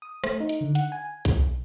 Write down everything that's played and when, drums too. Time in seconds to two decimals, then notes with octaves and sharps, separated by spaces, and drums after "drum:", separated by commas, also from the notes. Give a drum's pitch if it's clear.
0.02 D#6
0.24 A3, drum: rim click
0.40 D#4
0.49 drum: hi-hat
0.61 D3
0.75 F#5, drum: hi-hat
0.92 G#5
1.25 B1, drum: kick B1, hi-hat